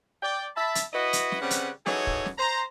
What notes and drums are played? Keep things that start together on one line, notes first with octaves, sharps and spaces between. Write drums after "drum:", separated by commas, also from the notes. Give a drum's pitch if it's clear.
D5 G5
E5 A5 B5
drum: hi-hat
E4 F#4 B4 D#5
drum: hi-hat
drum: snare
C#3 G3 C4 C#4 B4 F#5
drum: hi-hat
E3 F#3 D#4 G#4 A4 C#5, drum: snare
drum: kick
drum: snare
C5 A#5